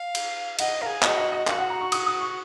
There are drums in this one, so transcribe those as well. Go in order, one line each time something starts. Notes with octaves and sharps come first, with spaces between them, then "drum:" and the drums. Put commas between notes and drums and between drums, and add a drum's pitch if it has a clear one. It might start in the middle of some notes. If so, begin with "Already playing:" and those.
Already playing: F5
drum: cymbal
D#5 F#5, drum: cymbal
G#4 A#4 F5
F#4 D#5, drum: clap
D#5
D#5
F#4 F5, drum: clap
F#5
A#5
C#6
D#6, drum: cymbal
D#6
C#6